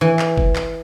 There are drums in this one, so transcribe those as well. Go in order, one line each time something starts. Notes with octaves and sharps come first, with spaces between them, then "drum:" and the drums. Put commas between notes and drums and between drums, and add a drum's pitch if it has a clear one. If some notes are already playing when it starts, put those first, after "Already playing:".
E3
drum: clap
drum: kick F#1
drum: clap